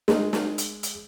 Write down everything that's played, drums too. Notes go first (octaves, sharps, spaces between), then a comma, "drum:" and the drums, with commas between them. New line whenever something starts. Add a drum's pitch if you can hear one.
G#3, drum: snare
drum: snare
drum: hi-hat
drum: hi-hat